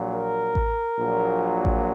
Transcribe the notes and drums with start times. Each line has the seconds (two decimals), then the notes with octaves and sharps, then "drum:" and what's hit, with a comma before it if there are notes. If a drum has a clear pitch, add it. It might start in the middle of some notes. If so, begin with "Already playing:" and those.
Already playing: A#1 A#2 F#3
0.12 A#4
0.55 drum: kick A1
0.99 A#1 A#2 F#3
1.65 drum: kick A1